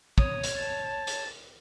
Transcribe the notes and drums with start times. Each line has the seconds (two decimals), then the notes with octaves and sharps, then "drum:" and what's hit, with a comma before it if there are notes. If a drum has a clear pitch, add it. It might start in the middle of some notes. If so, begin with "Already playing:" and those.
0.18 C#5 D#6, drum: kick
0.43 drum: hi-hat
0.55 A5
1.07 drum: hi-hat